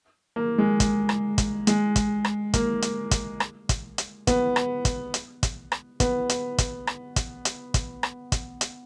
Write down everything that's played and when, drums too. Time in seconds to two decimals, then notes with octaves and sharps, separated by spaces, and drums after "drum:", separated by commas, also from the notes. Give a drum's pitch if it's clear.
0.36 A#3
0.58 G#3
0.80 drum: kick, hi-hat
1.09 drum: rim click
1.38 drum: kick, hi-hat
1.67 G#3, drum: hi-hat
1.96 drum: kick, hi-hat
2.25 drum: rim click
2.54 A#3, drum: kick, hi-hat
2.82 drum: hi-hat
3.11 drum: kick, hi-hat
3.40 drum: rim click
3.69 drum: kick, hi-hat
3.98 drum: hi-hat
4.27 B3, drum: kick, hi-hat
4.56 drum: rim click
4.85 drum: kick, hi-hat
5.14 drum: hi-hat
5.43 drum: kick, hi-hat
5.72 drum: rim click
6.00 B3, drum: kick, hi-hat
6.29 drum: hi-hat
6.58 drum: kick, hi-hat
6.87 drum: rim click
7.16 drum: kick, hi-hat
7.45 drum: hi-hat
7.74 drum: kick, hi-hat
8.03 drum: rim click
8.32 drum: kick, hi-hat
8.61 drum: hi-hat